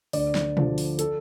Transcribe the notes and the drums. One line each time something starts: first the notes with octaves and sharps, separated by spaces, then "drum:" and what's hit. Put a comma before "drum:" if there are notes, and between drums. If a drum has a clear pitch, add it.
D2 D5, drum: open hi-hat
drum: snare
D3 F3, drum: tom B2
drum: open hi-hat
A4, drum: hi-hat